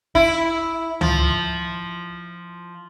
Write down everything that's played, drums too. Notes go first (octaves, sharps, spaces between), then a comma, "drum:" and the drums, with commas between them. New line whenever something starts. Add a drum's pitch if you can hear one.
E4, drum: kick
F3, drum: tom C#2